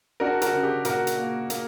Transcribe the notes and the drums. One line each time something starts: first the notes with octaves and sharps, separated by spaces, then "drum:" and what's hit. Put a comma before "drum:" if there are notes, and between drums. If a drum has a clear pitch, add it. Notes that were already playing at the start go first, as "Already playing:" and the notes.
D4 F#4 A#4
F#4 A#4, drum: hi-hat
C#3
G4
A#2 F#4 A#4, drum: hi-hat
drum: hi-hat
A#3
A#3, drum: hi-hat